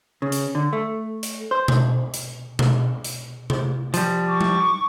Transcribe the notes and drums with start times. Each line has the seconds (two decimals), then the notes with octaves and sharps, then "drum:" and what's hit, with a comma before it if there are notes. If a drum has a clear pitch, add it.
0.22 C#3
0.32 drum: hi-hat
0.55 D3
0.73 A3
1.23 drum: hi-hat
1.51 C5
1.68 drum: tom B2
2.14 drum: hi-hat
2.59 drum: tom B2
3.04 drum: hi-hat
3.50 drum: tom C3
3.94 F3 G3, drum: hi-hat
4.28 C#6 D6
4.41 drum: tom G3